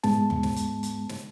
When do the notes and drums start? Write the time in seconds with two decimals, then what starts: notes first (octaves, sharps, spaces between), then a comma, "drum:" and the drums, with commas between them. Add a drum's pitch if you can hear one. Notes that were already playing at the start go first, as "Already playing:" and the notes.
0.03 G#2 G#3 B3 A5, drum: snare
0.30 drum: tom D#2
0.43 drum: snare
0.56 drum: hi-hat
0.83 drum: hi-hat
1.09 drum: snare